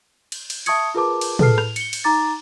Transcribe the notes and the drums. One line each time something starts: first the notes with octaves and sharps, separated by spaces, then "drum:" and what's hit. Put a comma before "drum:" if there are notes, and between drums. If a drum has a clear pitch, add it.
drum: cymbal
drum: cymbal
E5 A5 C#6 D#6 G#6 C#7, drum: cymbal
F4 G#4 A#4 B4 A5 D6
drum: cymbal
G#4 A4 B4 A5 F6 C7, drum: tom
F7, drum: rim click
C#7 G7, drum: cymbal
drum: cymbal
D#4 A#5 D6 A6